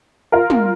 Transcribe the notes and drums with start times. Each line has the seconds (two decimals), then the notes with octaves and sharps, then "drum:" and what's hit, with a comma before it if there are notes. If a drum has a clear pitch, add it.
0.32 F4 A#4
0.50 drum: tom